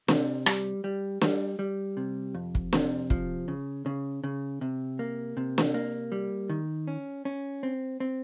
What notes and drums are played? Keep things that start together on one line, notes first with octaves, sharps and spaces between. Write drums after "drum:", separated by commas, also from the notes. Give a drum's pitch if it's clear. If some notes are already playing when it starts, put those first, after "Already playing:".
C3, drum: snare
G3, drum: rim click
G3
G3, drum: snare
G3
C3
F2
drum: kick
C3, drum: snare
F3, drum: kick
C#3
C#3
C#3
C3
A#3
C3
drum: snare
A#3
G3
D#3
C#4
C#4
C4
C4